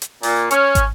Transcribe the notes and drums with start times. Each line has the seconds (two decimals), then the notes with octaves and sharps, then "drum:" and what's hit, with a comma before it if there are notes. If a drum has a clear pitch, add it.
0.02 drum: hi-hat
0.23 A#2, drum: open hi-hat
0.51 C#4, drum: hi-hat
0.75 drum: kick, hi-hat